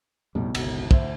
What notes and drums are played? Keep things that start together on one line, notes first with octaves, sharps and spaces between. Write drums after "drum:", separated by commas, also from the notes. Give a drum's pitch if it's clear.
B1 F2 A2 G3
G1 C#2, drum: cymbal
D2 C5 E5, drum: kick